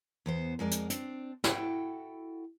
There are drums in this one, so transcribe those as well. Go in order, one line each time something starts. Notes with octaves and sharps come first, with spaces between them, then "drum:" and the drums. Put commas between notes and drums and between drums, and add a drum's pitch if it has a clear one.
E2 B3 C5
F2 G#3 A#4 D5
drum: hi-hat
C4 D4, drum: hi-hat
E4 F#4 A4 F#5 G5, drum: snare